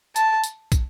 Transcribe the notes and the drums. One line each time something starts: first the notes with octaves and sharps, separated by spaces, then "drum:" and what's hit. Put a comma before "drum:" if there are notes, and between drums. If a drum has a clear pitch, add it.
A5, drum: tambourine
drum: tambourine
drum: kick, tambourine